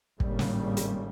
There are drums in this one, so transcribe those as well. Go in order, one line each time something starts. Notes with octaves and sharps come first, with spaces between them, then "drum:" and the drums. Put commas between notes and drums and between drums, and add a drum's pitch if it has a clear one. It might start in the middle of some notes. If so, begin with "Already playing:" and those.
G#1 D#2 A2 C#3 G3 A#3, drum: kick
drum: snare
drum: hi-hat